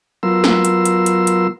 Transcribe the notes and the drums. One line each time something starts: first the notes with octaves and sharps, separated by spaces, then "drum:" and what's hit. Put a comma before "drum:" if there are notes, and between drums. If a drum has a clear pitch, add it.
F#3 B3 F4 A#4 C6 E6
drum: snare
drum: hi-hat
drum: hi-hat
drum: hi-hat
drum: hi-hat